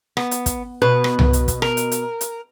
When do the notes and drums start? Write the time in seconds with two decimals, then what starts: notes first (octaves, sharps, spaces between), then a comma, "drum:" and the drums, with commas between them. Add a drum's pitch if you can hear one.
0.17 B3, drum: rim click
0.31 drum: hi-hat
0.46 drum: kick, hi-hat
0.82 B2 B4
1.04 drum: rim click
1.19 drum: tom C2
1.33 drum: hi-hat
1.48 drum: kick, hi-hat
1.62 A#4, drum: rim click
1.77 drum: hi-hat
1.92 drum: hi-hat
2.21 drum: hi-hat